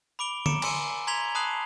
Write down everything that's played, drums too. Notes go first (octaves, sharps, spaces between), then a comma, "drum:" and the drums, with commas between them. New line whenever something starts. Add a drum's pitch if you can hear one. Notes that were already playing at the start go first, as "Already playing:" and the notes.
B5 D6 D7 G7
A#5 D6 C#7 D7 E7, drum: tom D3
G#5 C6 E6 C#7 D#7, drum: cymbal
A#5 C6 G#6 B6 F7 G7
A5 B5 D#6 F#6 C7 F#7